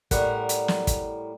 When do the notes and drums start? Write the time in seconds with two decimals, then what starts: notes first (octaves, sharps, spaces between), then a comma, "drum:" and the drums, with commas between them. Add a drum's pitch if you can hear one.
0.11 A2 G3 A#4 F#5, drum: kick, hi-hat
0.49 drum: hi-hat
0.68 drum: snare
0.87 drum: kick, hi-hat